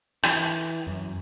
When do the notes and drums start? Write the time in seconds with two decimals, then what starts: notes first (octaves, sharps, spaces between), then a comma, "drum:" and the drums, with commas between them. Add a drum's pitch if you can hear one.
0.23 E3, drum: rim click
0.87 F#2